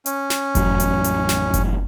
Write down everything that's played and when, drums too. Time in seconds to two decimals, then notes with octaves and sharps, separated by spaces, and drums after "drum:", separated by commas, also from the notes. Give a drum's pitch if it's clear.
0.06 C#4, drum: hi-hat
0.30 drum: snare
0.55 A1 F2 F#3, drum: kick F#1, hi-hat
0.80 drum: hi-hat
1.04 drum: hi-hat
1.29 drum: snare
1.54 drum: kick F#1, hi-hat